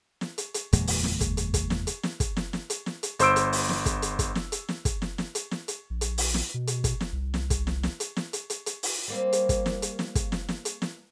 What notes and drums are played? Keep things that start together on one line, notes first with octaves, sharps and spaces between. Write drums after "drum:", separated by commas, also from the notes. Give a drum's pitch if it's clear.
drum: snare
drum: hi-hat
drum: hi-hat
F#1 E2 A#2 G#3, drum: hi-hat
drum: open hi-hat
drum: snare
drum: kick, hi-hat
drum: hi-hat
drum: kick, hi-hat
drum: snare
drum: hi-hat
drum: snare
drum: kick, hi-hat
drum: snare
drum: snare
drum: hi-hat
drum: snare
drum: hi-hat
G1 C5 C6 E6 D7, drum: hi-hat
drum: hi-hat
drum: open hi-hat
drum: snare
drum: kick, hi-hat
drum: hi-hat
drum: kick, hi-hat
drum: snare
drum: hi-hat
drum: snare
drum: kick, hi-hat
drum: snare
drum: snare
drum: hi-hat
drum: snare
drum: hi-hat
A#1
drum: hi-hat
drum: open hi-hat
drum: snare
B2
drum: hi-hat
drum: kick, hi-hat
drum: snare
C2
drum: snare
drum: kick, hi-hat
drum: snare
drum: snare
drum: hi-hat
drum: snare
drum: hi-hat
drum: hi-hat
drum: hi-hat
drum: open hi-hat
G3 A#3 C4
drum: hi-hat
drum: kick, hi-hat
drum: snare
drum: hi-hat
drum: snare
drum: kick, hi-hat
drum: snare
drum: snare
drum: hi-hat
drum: snare